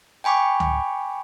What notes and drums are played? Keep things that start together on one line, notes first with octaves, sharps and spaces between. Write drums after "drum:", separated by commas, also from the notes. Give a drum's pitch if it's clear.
G5 G#5 B5 C#6 D6
drum: tom C#2